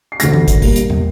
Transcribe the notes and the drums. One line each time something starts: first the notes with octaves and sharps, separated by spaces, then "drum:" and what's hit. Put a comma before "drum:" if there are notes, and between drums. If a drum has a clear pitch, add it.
C7
D2 D3 A3 A#6, drum: hi-hat
drum: tom E3
drum: kick, hi-hat
A#2 G3 A#3, drum: kick, open hi-hat
drum: hi-hat
drum: tom